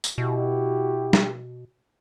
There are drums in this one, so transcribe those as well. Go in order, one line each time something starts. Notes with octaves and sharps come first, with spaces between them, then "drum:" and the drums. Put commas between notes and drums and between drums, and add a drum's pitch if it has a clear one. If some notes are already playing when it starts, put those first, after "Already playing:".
drum: tambourine
B2 E4 F#4 G4
drum: snare